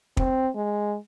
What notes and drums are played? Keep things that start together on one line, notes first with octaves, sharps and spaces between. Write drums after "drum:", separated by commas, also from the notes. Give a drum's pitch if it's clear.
C4, drum: kick
G#3